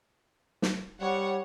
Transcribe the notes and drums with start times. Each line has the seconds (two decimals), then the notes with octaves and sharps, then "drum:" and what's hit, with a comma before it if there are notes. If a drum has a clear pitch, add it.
0.62 drum: snare
1.01 G3 C#5 F#5